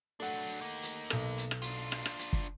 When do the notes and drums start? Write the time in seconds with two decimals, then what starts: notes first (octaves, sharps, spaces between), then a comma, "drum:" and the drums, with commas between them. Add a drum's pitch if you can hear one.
0.20 F#3 A3 D4 F#5
0.61 A#3 D#4
0.83 drum: hi-hat
1.10 B1 A4, drum: rim click
1.38 drum: hi-hat
1.51 drum: rim click
1.62 D4 F4, drum: hi-hat
1.92 drum: rim click
2.06 drum: rim click
2.19 drum: hi-hat
2.33 drum: kick